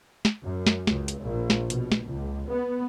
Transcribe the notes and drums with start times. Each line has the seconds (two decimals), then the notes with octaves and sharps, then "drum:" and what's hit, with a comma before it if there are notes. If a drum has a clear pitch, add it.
0.25 drum: snare
0.43 F#2
0.66 drum: snare
0.87 C#2, drum: snare
1.08 drum: hi-hat
1.23 A#1
1.50 drum: snare
1.70 B2, drum: hi-hat
1.92 drum: snare
2.06 C#2
2.48 B3